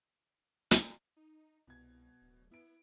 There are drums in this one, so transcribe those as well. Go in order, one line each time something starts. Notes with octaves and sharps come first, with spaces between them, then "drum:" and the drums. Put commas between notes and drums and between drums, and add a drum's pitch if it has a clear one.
drum: hi-hat
D#4
C2 B2 G#6
D1
B3 E4 D7